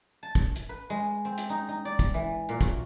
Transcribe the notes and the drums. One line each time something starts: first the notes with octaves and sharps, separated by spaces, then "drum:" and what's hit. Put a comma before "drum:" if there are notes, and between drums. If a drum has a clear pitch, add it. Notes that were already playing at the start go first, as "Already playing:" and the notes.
A5
drum: kick, hi-hat
drum: hi-hat
B4
G#3
C4
drum: hi-hat
D#4
D#4
D5
drum: kick, hi-hat
E3
A#2
F#4, drum: kick, hi-hat